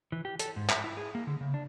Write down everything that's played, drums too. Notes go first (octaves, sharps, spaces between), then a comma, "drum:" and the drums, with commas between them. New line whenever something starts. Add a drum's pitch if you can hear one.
E3
G4
A4, drum: hi-hat
G#2
E5, drum: clap
E4
G#4
A#3
D3
C#3
D4